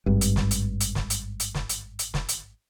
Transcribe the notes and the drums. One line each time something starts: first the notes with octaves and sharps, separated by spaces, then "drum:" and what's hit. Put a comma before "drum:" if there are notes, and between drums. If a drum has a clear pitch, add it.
G#1 G2
drum: hi-hat
drum: snare
drum: hi-hat
drum: hi-hat
drum: snare
drum: hi-hat
drum: hi-hat
drum: snare
drum: hi-hat
drum: hi-hat
drum: snare
drum: hi-hat